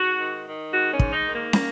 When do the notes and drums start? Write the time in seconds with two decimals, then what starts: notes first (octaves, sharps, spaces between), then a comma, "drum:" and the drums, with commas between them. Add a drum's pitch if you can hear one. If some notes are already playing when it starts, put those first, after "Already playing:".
Already playing: G#2 F#4
0.17 D#3
0.46 D#3
0.72 G#2 F#4
0.93 C#4
0.99 G#2, drum: kick
1.13 D#4
1.26 D#3
1.33 A#3
1.53 D#3 A#3, drum: snare